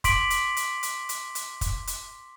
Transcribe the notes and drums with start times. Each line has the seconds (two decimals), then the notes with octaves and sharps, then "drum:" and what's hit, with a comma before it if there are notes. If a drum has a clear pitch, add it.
0.04 C6 D6 B6 D7 F#7, drum: kick, hi-hat
0.30 drum: hi-hat
0.57 drum: hi-hat
0.83 drum: hi-hat
1.09 drum: hi-hat
1.35 drum: hi-hat
1.61 drum: kick, hi-hat
1.87 drum: hi-hat